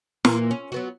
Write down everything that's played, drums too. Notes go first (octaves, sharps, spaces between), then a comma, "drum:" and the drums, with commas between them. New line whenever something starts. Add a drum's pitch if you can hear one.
A#2 E3 A#3, drum: snare
C#4
F#3 B3 F#4